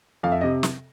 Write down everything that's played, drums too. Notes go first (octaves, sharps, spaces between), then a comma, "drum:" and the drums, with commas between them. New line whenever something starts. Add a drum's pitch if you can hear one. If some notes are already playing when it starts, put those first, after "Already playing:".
F2 F5
E5
C3 D#5
drum: snare